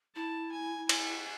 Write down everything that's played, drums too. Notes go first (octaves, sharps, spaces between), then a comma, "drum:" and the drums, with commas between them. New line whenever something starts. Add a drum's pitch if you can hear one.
E4 A5
G#5
G#5, drum: cymbal